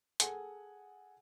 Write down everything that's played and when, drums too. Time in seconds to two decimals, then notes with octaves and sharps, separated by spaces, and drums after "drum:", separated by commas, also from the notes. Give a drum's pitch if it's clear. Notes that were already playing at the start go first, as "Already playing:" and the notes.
0.20 G#4 A4 F#5 G#5, drum: hi-hat